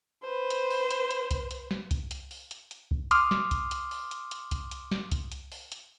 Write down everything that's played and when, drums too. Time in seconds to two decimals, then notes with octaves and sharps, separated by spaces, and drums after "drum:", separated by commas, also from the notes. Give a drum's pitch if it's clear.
0.22 B4 C5
0.50 drum: hi-hat
0.70 drum: open hi-hat
0.91 drum: hi-hat
1.11 drum: hi-hat
1.31 drum: kick C2, hi-hat
1.51 drum: hi-hat
1.71 drum: snare
1.91 drum: kick C2, hi-hat
2.11 drum: hi-hat
2.31 drum: open hi-hat
2.51 drum: hi-hat
2.71 drum: hi-hat
2.91 drum: kick C2
3.11 C6 D6 D#6 F6, drum: hi-hat
3.31 drum: snare
3.51 drum: kick C2, hi-hat
3.71 drum: hi-hat
3.91 drum: open hi-hat
4.11 drum: hi-hat
4.31 drum: hi-hat
4.51 drum: kick C2, hi-hat
4.71 drum: hi-hat
4.91 drum: snare
5.12 drum: kick C2, hi-hat
5.32 drum: hi-hat
5.52 drum: open hi-hat
5.72 drum: hi-hat